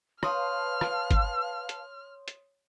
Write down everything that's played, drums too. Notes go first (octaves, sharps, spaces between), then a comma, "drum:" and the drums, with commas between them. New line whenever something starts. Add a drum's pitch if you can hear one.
B4 C#5 F5 A5 C6 D#6 F6, drum: rim click
drum: rim click
drum: kick, hi-hat
drum: hi-hat
drum: hi-hat